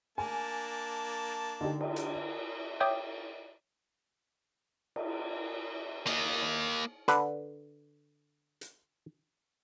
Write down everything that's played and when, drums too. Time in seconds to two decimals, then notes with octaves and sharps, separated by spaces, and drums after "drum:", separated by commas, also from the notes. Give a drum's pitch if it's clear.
0.18 A#3 D4 G#5 A5
1.61 D3 D#4 G4
1.81 drum: cymbal
1.96 drum: hi-hat
2.80 C#5 E5 G5 D6 D#6 G6
4.96 drum: cymbal
6.07 A#3 D#5, drum: cymbal
7.08 D3 B4, drum: hi-hat
8.61 drum: hi-hat